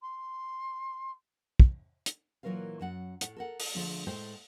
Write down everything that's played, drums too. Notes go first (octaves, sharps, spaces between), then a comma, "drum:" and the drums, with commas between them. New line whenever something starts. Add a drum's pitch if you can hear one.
C6
drum: kick
drum: hi-hat
A#2 E3 F#3 A#4 B4 F5
F#2 F#3 F#5
A2 F#5, drum: hi-hat
A4 A#4 F#5
drum: open hi-hat
D3 F3 A3 G#4
A2 G#3 A4 C5 G5